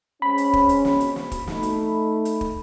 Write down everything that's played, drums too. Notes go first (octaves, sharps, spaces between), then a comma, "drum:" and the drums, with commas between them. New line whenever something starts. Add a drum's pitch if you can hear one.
G#3 C4 C#4 B5
drum: hi-hat
drum: kick
drum: hi-hat
drum: snare
drum: hi-hat
drum: snare
drum: kick, hi-hat
A3 D#4, drum: snare
drum: hi-hat
drum: hi-hat
drum: kick